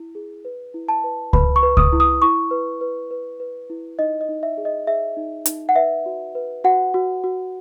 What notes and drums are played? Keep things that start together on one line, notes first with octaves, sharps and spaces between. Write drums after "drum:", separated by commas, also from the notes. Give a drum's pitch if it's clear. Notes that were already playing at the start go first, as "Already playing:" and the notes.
Already playing: E4
G#4
B4
E4
A5
B4
B4 B5, drum: kick C#2
C#6
B4
D#6, drum: kick C#2
E4
D#6
E4 C#6
B4
B4
B4
B4
E4
D#4 D#5
D#5
D#4
E5
G#4
D#5
G#4 E5
D#4
D#4, drum: hi-hat
F#5
B4 E5
F#4
B4
F#4 F#5
F#4
F#4